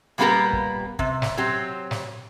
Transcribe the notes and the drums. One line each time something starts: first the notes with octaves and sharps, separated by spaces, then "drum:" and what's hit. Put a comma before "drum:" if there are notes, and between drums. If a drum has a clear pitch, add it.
A#2 G3 A#3 B3 G4 A#4
drum: kick
C3, drum: kick
drum: snare
F#3 C4 G4
drum: snare